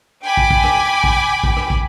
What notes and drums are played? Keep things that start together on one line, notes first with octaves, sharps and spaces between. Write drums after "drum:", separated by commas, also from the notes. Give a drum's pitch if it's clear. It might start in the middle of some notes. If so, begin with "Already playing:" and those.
G5 G#5 B5 D6
drum: kick
drum: kick
drum: rim click
drum: kick
drum: kick
drum: rim click
drum: kick